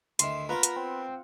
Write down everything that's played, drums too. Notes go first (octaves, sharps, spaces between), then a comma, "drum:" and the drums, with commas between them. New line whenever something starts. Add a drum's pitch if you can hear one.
D2 D#3 E4 C6, drum: hi-hat
B3 F4 A#4 B4 F#5 A#5
drum: hi-hat
C4